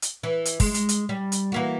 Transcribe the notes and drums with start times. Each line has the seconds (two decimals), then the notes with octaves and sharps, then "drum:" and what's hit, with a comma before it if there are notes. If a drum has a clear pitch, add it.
0.02 drum: hi-hat
0.23 E3
0.45 drum: hi-hat
0.60 G#3, drum: kick, open hi-hat
0.74 drum: hi-hat
0.89 drum: hi-hat
1.09 G3
1.32 drum: hi-hat
1.52 E3 A#3 F#4